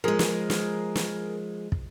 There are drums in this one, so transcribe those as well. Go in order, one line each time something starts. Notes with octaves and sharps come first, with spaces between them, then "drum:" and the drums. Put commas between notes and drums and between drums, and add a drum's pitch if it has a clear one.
F3 G#3 G#4 A#4
drum: snare
drum: snare
drum: snare
drum: kick